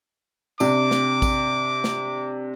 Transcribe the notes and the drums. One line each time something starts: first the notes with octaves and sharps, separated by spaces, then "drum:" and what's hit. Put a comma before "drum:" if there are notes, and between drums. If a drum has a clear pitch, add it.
C3 D4 D6, drum: tambourine
drum: snare
drum: kick A1, tambourine
drum: snare